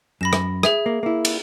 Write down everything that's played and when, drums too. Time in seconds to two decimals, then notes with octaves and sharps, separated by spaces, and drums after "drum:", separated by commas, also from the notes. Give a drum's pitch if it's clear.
0.21 F#2 B5 A#6 E7
0.33 drum: rim click
0.63 G#4 E5 G#6, drum: rim click
0.86 A#3
1.03 A#3 E4
1.25 drum: cymbal